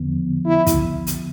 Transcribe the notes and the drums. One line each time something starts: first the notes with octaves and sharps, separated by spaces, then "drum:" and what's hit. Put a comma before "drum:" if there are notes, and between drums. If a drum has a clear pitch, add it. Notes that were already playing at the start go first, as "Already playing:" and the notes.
Already playing: E2 D3 F3 B3
E4
drum: kick, hi-hat
drum: hi-hat